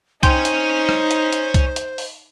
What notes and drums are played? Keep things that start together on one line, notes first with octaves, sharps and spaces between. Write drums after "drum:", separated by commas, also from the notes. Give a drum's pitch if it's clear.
D#4 C5 C#5 G5 G#5 C6 G6, drum: kick C2, hi-hat
drum: hi-hat
drum: rim click
drum: hi-hat
drum: hi-hat
drum: kick C2, hi-hat
drum: hi-hat
drum: open hi-hat